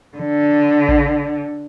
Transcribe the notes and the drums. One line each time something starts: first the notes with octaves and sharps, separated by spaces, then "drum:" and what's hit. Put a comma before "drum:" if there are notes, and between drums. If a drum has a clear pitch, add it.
D3
drum: kick A1